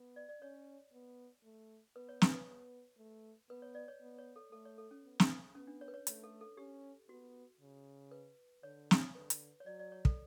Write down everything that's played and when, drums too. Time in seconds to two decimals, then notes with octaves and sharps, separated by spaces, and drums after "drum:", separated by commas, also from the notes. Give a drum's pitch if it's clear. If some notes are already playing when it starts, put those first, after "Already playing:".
Already playing: B3
0.16 D5
0.29 D5
0.41 C#4 C#5
0.93 B3
1.44 A3
1.96 B3 B4
2.09 C#5
2.22 B4, drum: snare
2.34 B4
2.47 B3
2.98 A3
3.50 B3 B4
3.62 C#5
3.75 D5
3.88 C#5
4.01 B3
4.18 C#5
4.36 A4
4.52 A3 A4
4.65 C#5
4.78 A4
4.91 C#4
5.03 B3
5.20 drum: snare
5.55 B3 C#4
5.67 D4
5.81 C#5
5.88 B4
5.94 C#5
6.07 A3 C#5, drum: hi-hat
6.23 A4
6.41 A4
6.57 C#4 G4
7.09 B3 F#4
7.61 C#3
8.11 B4
8.63 D3 C#5
8.91 drum: snare
9.15 D3 B4
9.30 drum: hi-hat
9.60 C#5
9.66 F#3 D5
9.79 D5
9.92 C#5
10.05 A4, drum: kick